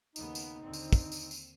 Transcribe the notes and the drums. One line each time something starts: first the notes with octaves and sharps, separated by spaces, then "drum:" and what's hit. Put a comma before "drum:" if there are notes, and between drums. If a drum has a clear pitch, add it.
D#2 C#3 B3 D#4, drum: tambourine
drum: tambourine
D#2 D3 C4
drum: tambourine
drum: kick, tambourine
drum: tambourine
drum: tambourine